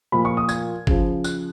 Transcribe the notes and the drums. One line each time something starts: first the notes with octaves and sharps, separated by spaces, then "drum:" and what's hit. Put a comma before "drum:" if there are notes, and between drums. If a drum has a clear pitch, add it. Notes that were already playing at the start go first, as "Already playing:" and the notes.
A#2 F3 B5
C#6
D#6
G#6, drum: tambourine
C#3 F3, drum: kick G1
F#6, drum: tambourine